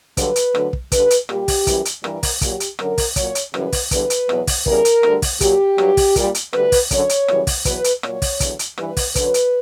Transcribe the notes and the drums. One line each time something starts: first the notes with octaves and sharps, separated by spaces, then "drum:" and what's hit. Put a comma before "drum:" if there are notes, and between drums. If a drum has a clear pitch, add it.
G2 D3 F#3 B4, drum: kick, hi-hat
drum: hi-hat
D2 D3 F#3, drum: rim click
drum: kick
G2 D3 G3 B4, drum: kick, hi-hat
drum: hi-hat
A#2 G3 G4, drum: rim click
drum: kick, open hi-hat
F#2 E3 G3, drum: kick, hi-hat
drum: hi-hat
G2 E3 G3 A#4, drum: rim click
drum: kick, open hi-hat
A#2 F#3 G4, drum: kick, hi-hat
drum: hi-hat
F#2 D3 F#3 A#4, drum: rim click
drum: kick, open hi-hat
A#2 F#3 C#5, drum: kick, hi-hat
drum: hi-hat
F#2 C#3 E3 G3 B4, drum: rim click
drum: kick, open hi-hat
E2 D3 G3 B4, drum: kick, hi-hat
drum: hi-hat
E2 B2 F#3, drum: rim click
drum: kick, open hi-hat
E2 C#3 G3 A#4, drum: kick
drum: hi-hat
D2 D3 G3, drum: rim click
drum: kick, open hi-hat
A#2 F#3 G4, drum: kick, hi-hat
G2 F#3, drum: rim click
drum: kick, open hi-hat
A#2 G3, drum: kick, hi-hat
drum: hi-hat
D2 D3 G3 B4, drum: rim click
drum: kick, open hi-hat
F#2 D3 F#3 C#5, drum: kick, hi-hat
drum: hi-hat
F#2 C#3 E3 G3, drum: rim click
drum: kick, open hi-hat
E2 B2 F#3 B4, drum: kick, hi-hat
drum: hi-hat
A#2 F#3 C#5, drum: rim click
drum: kick, open hi-hat
E2 D3 F#3, drum: kick, hi-hat
drum: hi-hat
G2 E3 G3 B4, drum: rim click
drum: kick, open hi-hat
F#2 D3 F#3 B4, drum: kick, hi-hat
drum: hi-hat